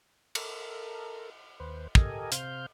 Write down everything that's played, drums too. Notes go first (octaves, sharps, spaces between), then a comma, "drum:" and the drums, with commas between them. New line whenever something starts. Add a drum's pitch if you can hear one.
A4 A#4, drum: cymbal
D#2 B4 C5
G4 A4 A#4 D#5 G#5, drum: kick
C3 C5 F5 F6 G6, drum: hi-hat